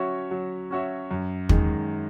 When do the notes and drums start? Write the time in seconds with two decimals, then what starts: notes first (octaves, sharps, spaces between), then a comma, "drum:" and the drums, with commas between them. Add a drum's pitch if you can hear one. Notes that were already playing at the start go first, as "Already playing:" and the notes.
Already playing: F#3 C#4 F#4 C#5 E5
0.31 F#3
0.71 C#4 F#4 C#5 E5
1.11 F#2
1.49 D#3 G#3, drum: kick